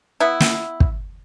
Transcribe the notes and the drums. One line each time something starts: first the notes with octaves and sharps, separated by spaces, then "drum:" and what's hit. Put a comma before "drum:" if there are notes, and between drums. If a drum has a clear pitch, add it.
B3 E4
drum: snare
drum: kick